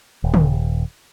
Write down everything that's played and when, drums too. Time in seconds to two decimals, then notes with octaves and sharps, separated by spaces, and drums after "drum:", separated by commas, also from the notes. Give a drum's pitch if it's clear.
0.24 D#1
0.34 drum: tom